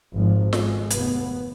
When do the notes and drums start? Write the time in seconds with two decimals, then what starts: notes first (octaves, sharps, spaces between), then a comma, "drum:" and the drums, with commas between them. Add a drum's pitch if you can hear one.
0.14 G#1 G#2 F3
0.53 G#3, drum: snare
0.90 F1 D#2 B3, drum: hi-hat